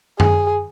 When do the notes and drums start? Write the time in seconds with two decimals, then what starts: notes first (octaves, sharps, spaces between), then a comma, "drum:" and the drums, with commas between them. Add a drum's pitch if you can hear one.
0.20 G#4, drum: tom F#2